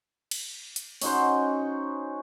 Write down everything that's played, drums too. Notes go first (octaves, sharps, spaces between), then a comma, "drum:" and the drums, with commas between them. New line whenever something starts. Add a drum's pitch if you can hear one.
drum: cymbal
drum: hi-hat
C#4 D#4 F#4 C5, drum: open hi-hat